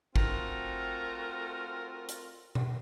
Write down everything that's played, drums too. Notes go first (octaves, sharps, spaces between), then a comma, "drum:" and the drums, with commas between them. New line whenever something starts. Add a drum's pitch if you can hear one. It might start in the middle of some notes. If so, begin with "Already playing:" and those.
A3 C4 F4 F#4 A#4, drum: kick G#1
drum: hi-hat
drum: tom B2